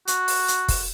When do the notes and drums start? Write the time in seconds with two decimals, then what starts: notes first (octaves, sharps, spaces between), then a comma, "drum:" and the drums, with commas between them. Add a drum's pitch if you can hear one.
0.07 F#4, drum: hi-hat
0.28 drum: open hi-hat
0.48 drum: hi-hat
0.68 drum: kick, open hi-hat